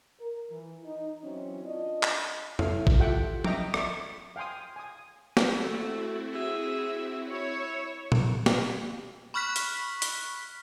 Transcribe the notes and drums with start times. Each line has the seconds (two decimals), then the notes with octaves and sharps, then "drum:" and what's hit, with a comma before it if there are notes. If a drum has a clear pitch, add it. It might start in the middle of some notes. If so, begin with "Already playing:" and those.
0.19 A#4
0.51 E3
0.84 D#4
1.23 E3 F#3 C4 C#4 E4
1.65 D4 F4 D5 D#5
2.03 drum: clap
2.59 E4 A4 C#5 F5, drum: tom F2
2.87 drum: kick A1
2.99 F4 G4 A4 E5 F#5 G5
3.44 D#5 E5 G5 A#5 C#6 D6, drum: tom
3.74 D5 E5 C#6, drum: rim click
4.36 F5 G5 G#5 C6 D#6
4.76 G#5 D#6
5.37 drum: snare
5.56 A3 C4 E4 F#4
6.33 G#4 E5
7.29 E4 C#5 E5
8.12 drum: tom A#2
8.46 drum: snare
9.34 B5 C#6 F6 F#6 B6
9.56 drum: hi-hat
10.02 drum: hi-hat